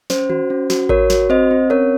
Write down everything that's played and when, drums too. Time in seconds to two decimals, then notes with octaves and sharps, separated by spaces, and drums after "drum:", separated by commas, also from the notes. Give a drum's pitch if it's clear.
0.10 C#4 C5, drum: snare
0.30 F#4, drum: tom D#3
0.50 C#4
0.70 F#4, drum: snare
0.89 F#4 A#4 C#5, drum: kick A1
1.10 F#4, drum: snare
1.29 C4 C5 D#5
1.51 C4
1.70 C#4 A#4 C#5